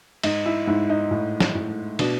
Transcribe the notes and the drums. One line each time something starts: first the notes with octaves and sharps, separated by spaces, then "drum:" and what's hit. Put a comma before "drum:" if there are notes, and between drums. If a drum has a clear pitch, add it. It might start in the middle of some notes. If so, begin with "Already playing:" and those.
G#2 D#4, drum: cymbal
E4
G#2 E4
D#4
A2
drum: snare
A2
B2 D4, drum: cymbal